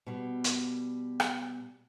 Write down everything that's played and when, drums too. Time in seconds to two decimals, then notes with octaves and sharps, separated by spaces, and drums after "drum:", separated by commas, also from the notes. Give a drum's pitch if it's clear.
0.07 B2 G3
0.44 drum: hi-hat
1.20 drum: rim click